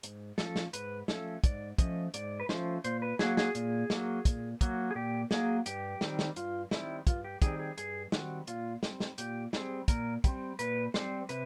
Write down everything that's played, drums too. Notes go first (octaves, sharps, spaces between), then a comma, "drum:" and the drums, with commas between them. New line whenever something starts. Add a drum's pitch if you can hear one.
G#2, drum: hi-hat
F3 A3 C#4 A4, drum: snare
drum: snare
G#2 B4, drum: hi-hat
F3 A3 C#4 A4, drum: snare
G#2 D5, drum: kick, hi-hat
F3 A3 C#4 D#5, drum: kick, hi-hat
G#2 D5, drum: hi-hat
B4
F3 A3 C#4 C5, drum: snare
A#2 C5, drum: hi-hat
B4
F#3 A#3 G#4, drum: snare
G#4, drum: snare
A#2, drum: hi-hat
F#3 A#3, drum: snare
A#2, drum: kick, hi-hat
F#3 A#3, drum: kick, hi-hat
G#4
A#2 G4
F#3 A#3 G#4, drum: snare
G2 G4, drum: hi-hat
D#3 G3 C4, drum: snare
drum: snare
G2 F4, drum: hi-hat
D#3 G3 C4 E4, drum: snare
G2 F4, drum: kick, hi-hat
G4
D#3 G3 C4 G#4, drum: kick, hi-hat
G#4
G2 G#4, drum: hi-hat
D#3 G3 C4 F#4, drum: snare
A#2 F4, drum: hi-hat
G3 C4, drum: snare
drum: snare
A#2 G4, drum: hi-hat
G3 C4 G#4, drum: snare
A#2 A#4, drum: kick, hi-hat
G3 C4, drum: kick, hi-hat
A#2 B4, drum: hi-hat
G3 C4 C5, drum: snare
C3 B4, drum: hi-hat